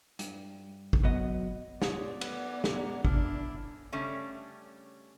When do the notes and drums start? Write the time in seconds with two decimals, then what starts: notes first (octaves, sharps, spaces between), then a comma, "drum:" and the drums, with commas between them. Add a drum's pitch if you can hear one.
0.19 G2, drum: hi-hat
0.93 drum: kick
1.04 F#3 B3 D#5
1.82 B3 F4 C#5 D5 D#6, drum: snare
2.21 B4 F#5, drum: cymbal
2.64 drum: snare
2.74 G#3 F#5 A#5
3.05 D4 E4 F6, drum: kick
3.92 C#3 G3 A3 C#4 D4